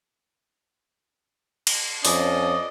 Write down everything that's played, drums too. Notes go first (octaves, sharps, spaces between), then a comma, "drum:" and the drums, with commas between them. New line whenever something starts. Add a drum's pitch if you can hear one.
drum: cymbal
F2 C#4 D5 D#5 D#6, drum: open hi-hat